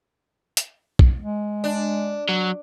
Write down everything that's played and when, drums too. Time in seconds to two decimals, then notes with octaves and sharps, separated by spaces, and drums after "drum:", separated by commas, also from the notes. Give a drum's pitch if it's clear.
0.57 drum: hi-hat
0.99 drum: kick B1
1.20 G#3
1.64 D4
2.29 F#3